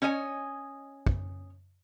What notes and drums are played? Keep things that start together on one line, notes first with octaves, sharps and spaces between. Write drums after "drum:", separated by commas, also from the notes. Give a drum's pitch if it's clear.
C#4 C#5 D#5 G#5
drum: kick